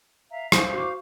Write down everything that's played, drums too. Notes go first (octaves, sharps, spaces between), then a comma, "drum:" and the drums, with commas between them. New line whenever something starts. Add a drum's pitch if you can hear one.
E5 F5 A#5
C5 F5 D6 D#6, drum: rim click
F#4 C#6